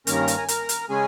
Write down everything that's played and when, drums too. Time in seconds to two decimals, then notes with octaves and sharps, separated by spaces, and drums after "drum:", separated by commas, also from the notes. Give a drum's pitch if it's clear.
0.07 G2 D#3 A#3 C#4 A#4 A#5, drum: hi-hat
0.28 drum: hi-hat
0.37 G#5
0.48 A#4 A#5, drum: hi-hat
0.69 drum: hi-hat
0.89 C#3 G#3 C#4 G#4 G#5